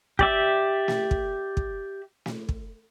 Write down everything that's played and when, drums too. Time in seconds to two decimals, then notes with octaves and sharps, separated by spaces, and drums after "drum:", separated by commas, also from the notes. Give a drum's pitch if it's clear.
0.19 G4 D5 E5, drum: kick
0.88 drum: snare
1.11 drum: kick
1.57 drum: kick
2.26 drum: snare
2.49 drum: kick